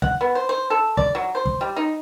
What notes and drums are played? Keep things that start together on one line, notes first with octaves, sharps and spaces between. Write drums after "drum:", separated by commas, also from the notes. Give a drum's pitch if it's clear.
F#5, drum: kick
B3
C5
C5
A4
D5, drum: kick
F#3
C5
drum: kick
G3
D#4